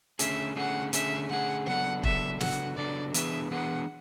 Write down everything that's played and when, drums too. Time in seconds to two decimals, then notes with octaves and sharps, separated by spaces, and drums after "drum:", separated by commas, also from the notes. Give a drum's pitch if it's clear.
0.19 D3 A3 C#4 G#4 E5, drum: hi-hat
0.56 D3 A3 C#4 G#4 F#5
0.93 D3 A3 C#4 G#4 E5, drum: hi-hat
1.30 D3 A3 C#4 G#4 F#5
1.66 C#3 F#3 B3 D4 A4 F#5
2.03 C#3 F#3 B3 D4 A4 E5, drum: kick E1
2.40 C#3 F#3 B3 D4 A4 F#5, drum: snare
2.77 C#3 F#3 B3 D4 A4 D5
3.14 E3 B3 D4 G#4 B4 E5, drum: hi-hat
3.51 E3 B3 D4 G#4 B4 F#5